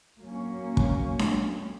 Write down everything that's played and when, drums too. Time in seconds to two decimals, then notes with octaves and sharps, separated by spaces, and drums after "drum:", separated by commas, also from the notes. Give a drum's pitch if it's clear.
0.21 F#3 A#3 C#4
0.77 drum: kick
1.19 drum: snare D4